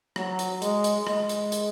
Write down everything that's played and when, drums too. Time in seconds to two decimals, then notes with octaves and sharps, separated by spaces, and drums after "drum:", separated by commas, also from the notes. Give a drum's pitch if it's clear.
0.16 F#3, drum: rim click
0.39 drum: hi-hat
0.62 G#3, drum: hi-hat
0.84 drum: hi-hat
1.07 G#3, drum: rim click
1.29 drum: hi-hat
1.52 drum: hi-hat